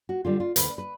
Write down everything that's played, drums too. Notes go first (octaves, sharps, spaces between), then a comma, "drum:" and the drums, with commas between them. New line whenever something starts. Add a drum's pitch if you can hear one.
F#4
D3 G3 F4
F4
D2 B4, drum: hi-hat
B4